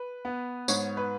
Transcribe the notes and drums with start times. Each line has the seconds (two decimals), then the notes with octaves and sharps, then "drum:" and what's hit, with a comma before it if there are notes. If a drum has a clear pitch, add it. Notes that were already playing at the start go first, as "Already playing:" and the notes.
Already playing: B4
0.25 B3
0.68 G#2 C#5, drum: tambourine
0.97 B4